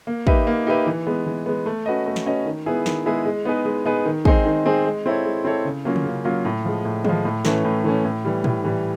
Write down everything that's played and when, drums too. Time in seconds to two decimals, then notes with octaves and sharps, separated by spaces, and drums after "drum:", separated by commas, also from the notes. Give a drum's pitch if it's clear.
0.07 A#3
0.27 D#4 G4 B4 E5, drum: kick
0.47 A#3
0.67 D#4 G4 B4 E5
0.86 E3
1.07 G#3 B3
1.26 E3
1.46 G#3 B3
1.66 A3
1.86 C#4 F#4 B4 D#5
2.06 A3
2.16 drum: snare
2.26 C#4 F#4 B4 D#5
2.46 D#3
2.66 G#3 B3 E4 G#4
2.86 D#3, drum: snare
3.06 G#3 B3 E4 G#4
3.25 G#3
3.45 B3 D#4 G#4 B4
3.65 G#3
3.86 B3 D#4 G#4 B4
4.05 D#3
4.25 G#3 C4 D#4 G#4, drum: kick
4.46 D#3
4.65 G#3 C4 D#4 G#4
4.85 G#3
5.06 C4 E4 A4 C#5
5.25 G#3
5.45 C4 E4 A4 C#5
5.65 C#3
5.85 F#3 A#3 C#4 F4
5.96 drum: tom
6.05 C#3
6.25 F#3 A#3 C#4 F4
6.45 A2
6.65 F3 G#3
6.85 A2
7.05 F3 G#3, drum: tom
7.25 A2
7.45 E3 A3 C#4, drum: snare
7.64 A2
7.84 E3 A3 C#4
8.05 A2
8.25 E3 G3
8.44 A2, drum: tom
8.64 E3 G3